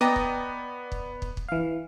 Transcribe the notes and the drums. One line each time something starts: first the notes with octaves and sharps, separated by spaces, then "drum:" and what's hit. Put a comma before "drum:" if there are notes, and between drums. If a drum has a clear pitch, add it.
B3 D5 D#5 G5 A#5
drum: kick
drum: kick
drum: kick
drum: kick
E3 F5